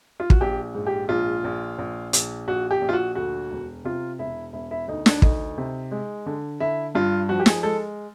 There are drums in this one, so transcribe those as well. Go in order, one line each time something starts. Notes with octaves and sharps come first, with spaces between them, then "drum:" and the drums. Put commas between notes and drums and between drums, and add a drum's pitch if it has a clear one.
F4
F#4, drum: kick
A#1 G4
G#2
G4
A#1 F4
A#1
A#1
A#1, drum: hi-hat
A#1 F#4
G4
A#1
F4
F#4
D2 F#4
E1
C3 F4
E1 E4
E1 E4
E4
D2 D#4
D4, drum: snare
D2 D#4, drum: kick
C3
G#3
D3
D3 E4
G2 F4
F3 F#4
G4
G#4, drum: snare
G#3 A4